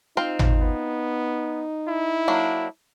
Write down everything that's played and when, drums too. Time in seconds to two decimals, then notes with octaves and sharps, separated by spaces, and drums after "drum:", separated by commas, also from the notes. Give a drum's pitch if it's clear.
0.17 C4 D#4 F4 G5
0.39 drum: tom G#1
0.61 B3
1.88 E4
2.28 F#3 A#3 D4